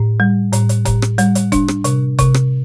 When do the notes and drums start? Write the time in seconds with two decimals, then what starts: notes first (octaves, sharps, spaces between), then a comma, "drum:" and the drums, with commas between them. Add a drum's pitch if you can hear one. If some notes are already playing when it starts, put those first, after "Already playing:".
Already playing: A2
0.20 G3
0.53 A2, drum: hi-hat
0.69 drum: hi-hat
0.85 A2, drum: kick F1, hi-hat
1.02 drum: rim click
1.18 G3, drum: hi-hat
1.35 drum: hi-hat
1.52 D4, drum: kick F1, hi-hat
1.68 drum: rim click
1.84 C3, drum: hi-hat
2.18 C3, drum: kick F1, hi-hat
2.34 drum: rim click